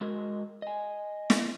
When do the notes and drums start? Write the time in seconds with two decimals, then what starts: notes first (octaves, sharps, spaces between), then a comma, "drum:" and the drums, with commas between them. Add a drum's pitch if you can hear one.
0.01 G#3 F#4 A#4 D#5
0.62 D#5 G#5
1.30 drum: snare